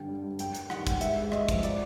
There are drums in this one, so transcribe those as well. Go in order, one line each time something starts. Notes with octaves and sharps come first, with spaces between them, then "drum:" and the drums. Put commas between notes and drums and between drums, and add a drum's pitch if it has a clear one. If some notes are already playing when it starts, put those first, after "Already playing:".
Already playing: G2 D3 G5
G3
G2
F#2 G5, drum: hi-hat
G3, drum: hi-hat
D#3 F#5, drum: rim click
G3, drum: kick, hi-hat
G#2 E5, drum: hi-hat
G#3
G#2 D#5, drum: rim click
F3, drum: kick, hi-hat
F#3 D5, drum: hi-hat